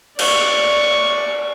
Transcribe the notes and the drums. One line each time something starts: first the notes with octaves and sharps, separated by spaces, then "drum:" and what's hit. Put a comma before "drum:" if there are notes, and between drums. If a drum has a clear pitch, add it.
D5 C#6, drum: cymbal